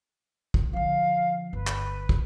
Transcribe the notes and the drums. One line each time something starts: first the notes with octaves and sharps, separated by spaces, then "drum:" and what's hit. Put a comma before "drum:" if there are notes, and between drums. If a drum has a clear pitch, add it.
drum: kick
D3 F3 F5
G1 B4
drum: clap
drum: kick